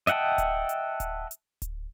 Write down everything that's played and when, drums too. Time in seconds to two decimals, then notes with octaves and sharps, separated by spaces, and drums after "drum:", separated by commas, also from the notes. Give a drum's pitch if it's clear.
0.07 D#5 E5 F#5 G5 A5, drum: hi-hat
0.38 drum: kick D1, hi-hat
0.69 drum: hi-hat
1.00 drum: kick D1, hi-hat
1.31 drum: hi-hat
1.62 drum: kick D1, hi-hat